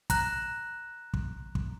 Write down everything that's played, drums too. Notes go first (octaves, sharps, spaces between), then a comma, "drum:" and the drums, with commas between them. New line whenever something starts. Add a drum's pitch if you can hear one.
A#5 F#6, drum: kick, hi-hat
drum: kick
drum: kick